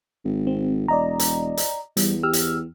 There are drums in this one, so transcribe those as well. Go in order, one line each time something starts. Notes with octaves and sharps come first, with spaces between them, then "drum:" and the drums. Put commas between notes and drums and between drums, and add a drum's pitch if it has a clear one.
G#1
C4
E1 D5 D#5 A#5
drum: hi-hat
drum: hi-hat
E2 G3, drum: hi-hat
G4 E6 F6
drum: hi-hat